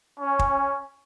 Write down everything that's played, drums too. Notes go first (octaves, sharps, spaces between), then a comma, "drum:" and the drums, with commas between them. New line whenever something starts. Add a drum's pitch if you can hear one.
C#4
drum: kick